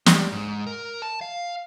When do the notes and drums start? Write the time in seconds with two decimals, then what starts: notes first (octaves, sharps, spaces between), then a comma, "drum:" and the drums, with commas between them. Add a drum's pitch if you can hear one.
0.06 G3, drum: snare
0.32 G#2
0.67 A#4
1.02 A5
1.21 F5